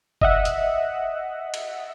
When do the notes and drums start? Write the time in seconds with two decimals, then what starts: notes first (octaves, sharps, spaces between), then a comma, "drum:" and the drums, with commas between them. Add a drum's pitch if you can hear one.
0.21 D#5 E5 F#5, drum: kick F#1
0.45 drum: hi-hat
1.54 drum: cymbal